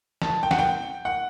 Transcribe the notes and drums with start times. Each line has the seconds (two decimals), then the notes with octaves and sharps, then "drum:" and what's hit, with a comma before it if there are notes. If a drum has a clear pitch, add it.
0.22 A5, drum: snare
0.43 G5
0.51 F#5, drum: snare
0.59 G5
1.05 F#5